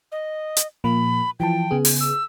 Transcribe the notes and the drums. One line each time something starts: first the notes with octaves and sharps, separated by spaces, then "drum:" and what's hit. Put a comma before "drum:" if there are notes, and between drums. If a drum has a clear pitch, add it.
D#5
drum: hi-hat
A#2 F3 A#3 B5
E3 F3 G5 A5
C#3 B3 G#4
drum: open hi-hat
E6